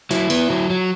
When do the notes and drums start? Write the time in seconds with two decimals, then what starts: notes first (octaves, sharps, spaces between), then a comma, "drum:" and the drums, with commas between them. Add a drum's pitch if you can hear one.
0.11 F#3 E4, drum: hi-hat
0.30 B3, drum: cymbal
0.50 F#3
0.70 F#3